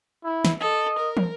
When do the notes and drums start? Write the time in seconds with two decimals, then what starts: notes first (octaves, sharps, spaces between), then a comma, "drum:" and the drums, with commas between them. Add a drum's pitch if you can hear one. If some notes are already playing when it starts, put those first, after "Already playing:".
0.24 E4
0.45 drum: snare
0.61 A4 D#5
0.99 A#4
1.17 drum: tom